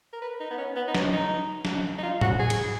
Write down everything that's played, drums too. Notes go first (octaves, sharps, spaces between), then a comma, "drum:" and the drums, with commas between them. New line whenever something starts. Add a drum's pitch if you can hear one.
A#4
B4
D#4
B3
C#4
B3
D#4
C#4, drum: snare
D#4
drum: snare
D#4
F4
F#4, drum: tom G#2
G#4
drum: cymbal